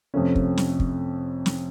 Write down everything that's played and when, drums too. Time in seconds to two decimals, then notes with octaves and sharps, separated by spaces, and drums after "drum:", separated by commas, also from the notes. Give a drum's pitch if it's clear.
0.14 F2 C3 F3 A3 C#4
0.35 drum: kick
0.57 drum: snare
0.80 drum: kick
1.46 drum: snare